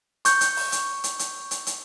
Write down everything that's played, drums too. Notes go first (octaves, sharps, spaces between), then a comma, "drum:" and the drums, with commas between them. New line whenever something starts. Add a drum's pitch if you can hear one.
C#6 G6, drum: hi-hat
drum: hi-hat
drum: open hi-hat
drum: hi-hat
drum: hi-hat
drum: hi-hat
drum: hi-hat
drum: hi-hat